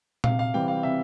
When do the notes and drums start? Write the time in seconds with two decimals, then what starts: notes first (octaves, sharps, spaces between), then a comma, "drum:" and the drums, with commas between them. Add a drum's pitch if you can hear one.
0.24 C3 F5, drum: tom A#2
0.39 F5
0.54 E3 G3 C4 G5
0.68 F5
0.83 C3 E5